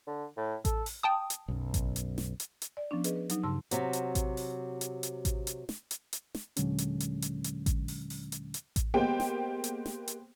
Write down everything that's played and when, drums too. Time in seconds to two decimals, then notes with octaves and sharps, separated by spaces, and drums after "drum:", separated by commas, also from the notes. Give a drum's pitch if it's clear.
0.07 D3
0.37 A2
0.65 A4, drum: kick A1, hi-hat
0.86 drum: open hi-hat
1.03 G5 A5 D#6
1.30 drum: hi-hat
1.48 B1 F#2
1.74 drum: kick A1, hi-hat
1.96 drum: hi-hat
2.18 drum: snare
2.40 drum: hi-hat
2.62 drum: hi-hat
2.77 D5
2.91 F3 B3 C#4 D4
3.04 G#4 B4 D#5, drum: hi-hat
3.16 B4
3.30 F#3 D#4, drum: hi-hat
3.43 G2 C#3 A5 C6 E6
3.71 C3 F#3, drum: hi-hat
3.93 drum: hi-hat
4.15 drum: kick A1, hi-hat
4.37 drum: open hi-hat
4.81 drum: hi-hat
5.03 drum: hi-hat
5.25 drum: kick A1, hi-hat
5.47 drum: hi-hat
5.69 drum: snare
5.91 drum: hi-hat
6.13 drum: hi-hat
6.35 drum: snare
6.57 D#2 A#2 D3 F#3 G#3 C#4, drum: hi-hat
6.78 drum: hi-hat
7.00 drum: hi-hat
7.22 drum: hi-hat
7.44 drum: hi-hat
7.66 drum: kick A1, hi-hat
7.88 drum: open hi-hat
8.10 drum: open hi-hat
8.32 drum: hi-hat
8.54 drum: hi-hat
8.76 drum: kick A1, hi-hat
8.94 G#3 A#3 B3 G4 C5 G5
9.20 drum: snare
9.64 drum: hi-hat
9.86 drum: snare
10.08 drum: hi-hat